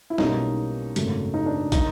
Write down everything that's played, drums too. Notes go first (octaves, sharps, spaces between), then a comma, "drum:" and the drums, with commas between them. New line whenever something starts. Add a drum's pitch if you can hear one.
E4
B1 B2 G3 A#3 C#4 D#4, drum: snare
G#1 F#2 C#3 F#3 A3, drum: hi-hat
D#4
D4
D#3 F#3 D#4, drum: kick, hi-hat